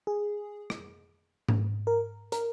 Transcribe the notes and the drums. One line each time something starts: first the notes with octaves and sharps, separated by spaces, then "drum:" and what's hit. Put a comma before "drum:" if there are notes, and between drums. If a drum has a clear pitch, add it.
G#4
drum: rim click
drum: tom G#2
A#4
A#4, drum: hi-hat